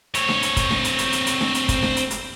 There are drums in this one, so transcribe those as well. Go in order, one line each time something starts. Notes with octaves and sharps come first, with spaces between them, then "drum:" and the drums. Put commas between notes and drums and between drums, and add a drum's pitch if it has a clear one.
C4 C#5, drum: hi-hat
drum: snare D4
drum: hi-hat
drum: kick, hi-hat
drum: snare D4
drum: hi-hat
drum: hi-hat
drum: hi-hat
drum: hi-hat
drum: snare D4
drum: hi-hat
drum: kick, hi-hat
drum: snare D4
drum: hi-hat
drum: hi-hat